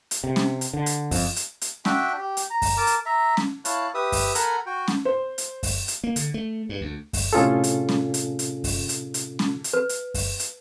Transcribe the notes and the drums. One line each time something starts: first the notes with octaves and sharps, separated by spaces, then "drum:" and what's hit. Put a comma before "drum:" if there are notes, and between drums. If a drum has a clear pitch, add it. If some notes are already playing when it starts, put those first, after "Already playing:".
drum: hi-hat
C3
drum: snare C#4
drum: hi-hat
D3
drum: hi-hat
F2, drum: kick F#2, open hi-hat
drum: hi-hat
drum: hi-hat
D4 F#4 E5 G5, drum: snare C#4
G4
drum: hi-hat
A#5
drum: kick F#2, open hi-hat
A#4 A5 D6
drum: hi-hat
E5 A#5
drum: snare C#4
E4 C#5 F5 A5 F#6, drum: hi-hat
G4 B4 E5 D#6
drum: kick F#2, open hi-hat
A4 A#4 F#5 G#5 A#5 B5, drum: hi-hat
F#4 G5
drum: snare C#4
C5
drum: hi-hat
drum: kick F#2, open hi-hat
drum: hi-hat
A#3
D3, drum: hi-hat
A3
G2
D2
drum: kick F#2, open hi-hat
A2 C3 C#4 F4 G#4 A4
drum: hi-hat
drum: snare C#4
drum: hi-hat
drum: hi-hat
drum: kick F#2, open hi-hat
drum: hi-hat
drum: hi-hat
drum: snare C#4
drum: hi-hat
B4
drum: hi-hat
drum: kick F#2, open hi-hat
drum: hi-hat